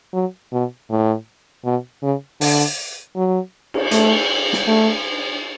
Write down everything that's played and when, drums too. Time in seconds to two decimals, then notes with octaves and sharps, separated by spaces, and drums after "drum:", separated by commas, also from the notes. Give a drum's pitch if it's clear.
0.14 F#3
0.52 B2
0.90 A2
1.65 B2
2.02 C#3
2.41 D3, drum: open hi-hat
3.16 F#3
3.74 drum: cymbal
3.91 A3, drum: hi-hat
4.53 drum: snare
4.67 A3